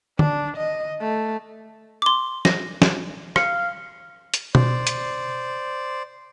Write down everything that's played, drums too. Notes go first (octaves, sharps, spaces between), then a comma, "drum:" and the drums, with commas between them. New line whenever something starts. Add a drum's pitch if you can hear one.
D4, drum: tom D3
D#5
A3
C6 D6
A#6, drum: snare
drum: snare
F5 C#7, drum: rim click
drum: hi-hat
C5 D5, drum: tom B2
drum: hi-hat